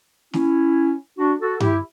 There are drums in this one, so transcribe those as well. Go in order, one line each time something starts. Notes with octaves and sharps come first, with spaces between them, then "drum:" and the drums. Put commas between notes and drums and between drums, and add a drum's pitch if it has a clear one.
C#4 E4, drum: snare
D4 F#4
F#4 A4
E4 G4, drum: tom G2